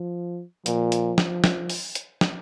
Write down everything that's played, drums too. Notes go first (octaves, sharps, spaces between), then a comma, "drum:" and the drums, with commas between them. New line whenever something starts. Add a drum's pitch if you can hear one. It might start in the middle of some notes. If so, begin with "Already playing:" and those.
Already playing: F3
A#2 F3, drum: hi-hat
drum: hi-hat
drum: snare
drum: snare
drum: open hi-hat
drum: hi-hat
drum: snare